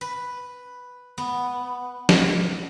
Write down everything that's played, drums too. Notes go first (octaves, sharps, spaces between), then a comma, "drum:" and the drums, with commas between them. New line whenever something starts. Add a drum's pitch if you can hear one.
B4
B3
drum: snare